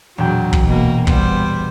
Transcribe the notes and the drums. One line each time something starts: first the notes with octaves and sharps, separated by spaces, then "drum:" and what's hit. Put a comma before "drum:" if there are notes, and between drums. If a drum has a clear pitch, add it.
E1 A#2 F#3 G5
drum: kick
B2 A#3
G3 B3 C5, drum: kick